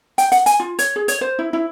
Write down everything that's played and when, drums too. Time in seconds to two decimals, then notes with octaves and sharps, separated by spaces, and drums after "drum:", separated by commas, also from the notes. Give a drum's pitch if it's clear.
0.18 G5, drum: hi-hat
0.32 F#5, drum: hi-hat
0.46 G#5, drum: hi-hat
0.60 F4
0.79 C#5, drum: hi-hat
0.96 G#4
1.08 C#5, drum: hi-hat
1.21 C5
1.39 E4
1.53 E4